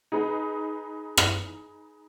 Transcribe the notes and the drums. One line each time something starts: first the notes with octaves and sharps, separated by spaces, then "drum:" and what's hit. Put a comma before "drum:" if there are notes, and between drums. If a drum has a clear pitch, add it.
D#4 G#4 B4
drum: rim click